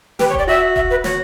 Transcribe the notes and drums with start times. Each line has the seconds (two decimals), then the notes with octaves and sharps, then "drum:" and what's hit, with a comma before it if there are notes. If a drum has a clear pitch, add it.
0.19 G4 B4, drum: snare
0.30 C#5
0.34 G4 D5, drum: kick D#1
0.47 F#4 E5
0.76 E5, drum: kick D#1
0.90 B4
1.04 F#4 C#5, drum: snare